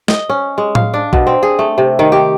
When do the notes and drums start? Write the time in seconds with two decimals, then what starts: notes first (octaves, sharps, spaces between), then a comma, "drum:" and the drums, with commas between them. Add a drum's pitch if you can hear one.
0.08 D#5, drum: snare
0.29 C#4
0.58 G#3
0.75 F5, drum: tom A2
0.94 D4
1.13 B2, drum: kick
1.27 C4
1.43 G#4
1.59 A3
1.78 C3
1.99 D#3
2.12 G4